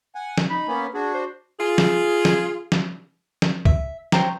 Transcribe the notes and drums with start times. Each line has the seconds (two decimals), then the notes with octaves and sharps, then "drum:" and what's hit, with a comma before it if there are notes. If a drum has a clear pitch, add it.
0.15 F#5 G#5
0.38 drum: snare
0.50 D#4 B5
0.67 A#3 B3 C#4
0.94 D4 F#4 G#4
1.14 C5
1.59 F4 G#4
1.78 drum: snare
2.25 drum: snare
2.72 drum: snare
3.42 drum: snare
3.65 E5, drum: kick C#2
4.12 C5 C#5 G5 A#5, drum: snare